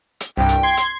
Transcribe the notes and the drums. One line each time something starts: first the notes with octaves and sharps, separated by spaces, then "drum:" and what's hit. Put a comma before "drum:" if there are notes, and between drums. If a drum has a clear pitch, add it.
drum: hi-hat
C2 G2 G5
drum: hi-hat
C6 G#6 C7
drum: hi-hat